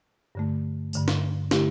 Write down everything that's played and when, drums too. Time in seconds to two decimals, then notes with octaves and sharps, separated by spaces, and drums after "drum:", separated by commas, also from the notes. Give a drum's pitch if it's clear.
0.35 G2 D3 A3
0.93 G2 D3 A3, drum: tambourine
1.08 drum: snare
1.51 D3 A3 E4 G4, drum: snare